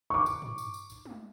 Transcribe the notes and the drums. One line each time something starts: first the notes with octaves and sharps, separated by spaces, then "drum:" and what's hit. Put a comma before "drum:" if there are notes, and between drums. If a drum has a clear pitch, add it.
C#6 D6, drum: tom
drum: tambourine
drum: tom
drum: tambourine
drum: tambourine
drum: tambourine
drum: tom